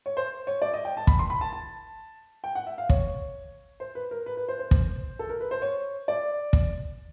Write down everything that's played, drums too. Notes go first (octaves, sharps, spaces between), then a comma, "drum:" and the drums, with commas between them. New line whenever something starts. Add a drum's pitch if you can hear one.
C#5
C5
C#5
D5
D#5
G5
A5
B5, drum: kick
C6
B5
A5
A5
G5
F#5
E5
F5
C#5, drum: kick
C5
B4
A#4
B4
B4
C5
C5
drum: kick
A4
A#4
B4
C5
C#5
D5
drum: kick